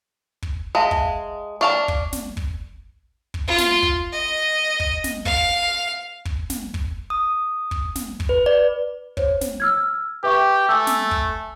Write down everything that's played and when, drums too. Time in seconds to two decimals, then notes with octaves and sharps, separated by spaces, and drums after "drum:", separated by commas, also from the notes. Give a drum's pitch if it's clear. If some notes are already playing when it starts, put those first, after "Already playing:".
0.42 drum: kick
0.75 G#3 E5 F5 A5
0.91 drum: kick
1.61 D4 F5 A5 C#6
1.88 drum: kick
2.12 drum: snare
2.37 drum: kick
3.34 drum: kick
3.47 F4
3.58 drum: snare
3.83 drum: kick
4.12 D#5
4.80 drum: kick
5.04 drum: snare
5.25 F5, drum: kick
6.25 drum: kick
6.50 drum: snare
6.74 drum: kick
7.10 D#6
7.71 drum: kick
7.95 drum: snare
8.20 drum: kick
8.29 B4
8.46 D5
9.17 C5 C#5, drum: kick
9.41 drum: snare
9.60 E6 F6 G#6
10.23 G4 B4 E5 C#6
10.69 A3 G#5 D6 E6
10.87 drum: snare
11.11 drum: kick